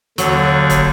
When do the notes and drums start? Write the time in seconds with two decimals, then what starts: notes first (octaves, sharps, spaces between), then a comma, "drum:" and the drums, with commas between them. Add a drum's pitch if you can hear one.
0.18 D#2 D3 F#3, drum: hi-hat
0.70 drum: kick, hi-hat